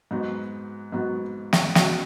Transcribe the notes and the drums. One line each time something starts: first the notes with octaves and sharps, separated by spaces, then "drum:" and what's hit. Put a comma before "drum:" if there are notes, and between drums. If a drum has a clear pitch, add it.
G#2 F#3 B3 D#4 F#4
G#2 F#3 B3 D#4 F#4
drum: snare
B2 F#3 C#4 F#4, drum: snare